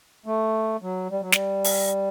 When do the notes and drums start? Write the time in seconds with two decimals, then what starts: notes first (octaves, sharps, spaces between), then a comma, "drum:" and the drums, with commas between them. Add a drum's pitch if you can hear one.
0.26 A3
0.82 F#3
1.11 G3
1.21 F#3
1.32 G3, drum: snare
1.64 drum: open hi-hat